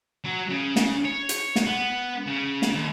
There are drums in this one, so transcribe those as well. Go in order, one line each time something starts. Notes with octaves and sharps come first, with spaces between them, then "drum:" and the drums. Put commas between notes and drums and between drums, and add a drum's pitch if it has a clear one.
F#3
C#3
drum: snare
C#5
drum: hi-hat
drum: snare
B3
C#3
drum: snare
D#2